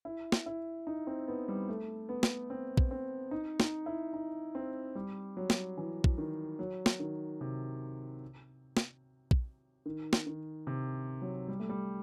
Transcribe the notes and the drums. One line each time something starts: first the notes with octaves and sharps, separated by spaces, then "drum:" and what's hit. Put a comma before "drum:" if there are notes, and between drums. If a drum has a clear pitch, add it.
E4
drum: snare
E4
D#4
C4
B3
G3
A3
B3
drum: snare
C4
drum: kick
C4
D#4
D#4, drum: snare
E4
D#4
C4
G3
F#3
drum: snare
E3
drum: kick
D#3
F#3
drum: snare
D#3
C3
drum: snare
drum: kick
D#3
drum: snare
D#3
C3
F#3
G3
A3
G3